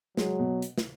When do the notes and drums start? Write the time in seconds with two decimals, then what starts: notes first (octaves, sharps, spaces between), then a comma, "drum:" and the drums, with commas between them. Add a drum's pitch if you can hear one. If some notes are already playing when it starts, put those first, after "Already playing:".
0.17 F#3 G#3, drum: snare
0.39 B2
0.62 drum: hi-hat
0.78 drum: snare